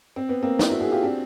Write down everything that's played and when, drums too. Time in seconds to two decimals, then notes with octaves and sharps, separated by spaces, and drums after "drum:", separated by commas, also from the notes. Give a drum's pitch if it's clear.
0.16 C4
0.29 B3
0.43 A#3 C4
0.59 D4 E4, drum: snare
0.70 E4 F#4
0.80 F#4 G#4
0.92 F4 G4
1.02 C4 D4